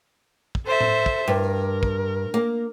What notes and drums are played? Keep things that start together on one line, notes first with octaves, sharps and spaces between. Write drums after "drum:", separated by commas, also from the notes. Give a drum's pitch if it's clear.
drum: kick
A4 C5 E5
drum: tom A2
drum: kick
G2 A#4
drum: kick
A#3